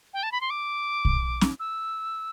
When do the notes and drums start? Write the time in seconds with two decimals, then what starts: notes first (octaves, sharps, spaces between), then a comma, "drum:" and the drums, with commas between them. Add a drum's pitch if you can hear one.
0.13 G5
0.23 A5
0.32 B5
0.41 C6
0.50 D6
1.05 drum: kick
1.41 drum: snare
1.60 E6